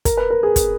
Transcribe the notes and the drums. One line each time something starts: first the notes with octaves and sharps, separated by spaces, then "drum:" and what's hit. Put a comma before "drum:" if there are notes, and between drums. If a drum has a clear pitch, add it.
A#4, drum: kick, hi-hat
B4
A#4
G#4
drum: kick, hi-hat